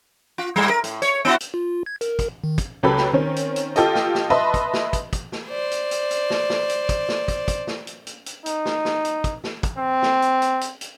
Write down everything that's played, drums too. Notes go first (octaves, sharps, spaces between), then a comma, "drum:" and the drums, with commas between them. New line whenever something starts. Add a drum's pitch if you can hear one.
F4
A2 G3
A#4
A2, drum: hi-hat
C#5, drum: hi-hat
B3 E4 F#4
drum: hi-hat
F4
G#6
A#4, drum: hi-hat
drum: kick, hi-hat
D#3
drum: kick, hi-hat
C#2 F#3 G4 A4 B4 B5
drum: snare
D#3 C4 C#4
drum: hi-hat
drum: hi-hat
F4 G4 A4 D#5, drum: hi-hat
drum: snare
drum: snare
B4 D#5 E5 A5 B5 C6
drum: kick, hi-hat
drum: snare
drum: kick, hi-hat
drum: kick, hi-hat
drum: snare
C5 D5
drum: hi-hat
drum: hi-hat
drum: hi-hat
drum: snare
drum: snare
drum: hi-hat
drum: kick, hi-hat
drum: snare
drum: kick, hi-hat
drum: kick, hi-hat
drum: snare
drum: hi-hat
drum: hi-hat
drum: hi-hat
D#4, drum: hi-hat
drum: snare
drum: snare
drum: hi-hat
drum: kick, hi-hat
drum: snare
drum: kick, hi-hat
C4
drum: snare
drum: hi-hat
drum: hi-hat
drum: hi-hat
drum: hi-hat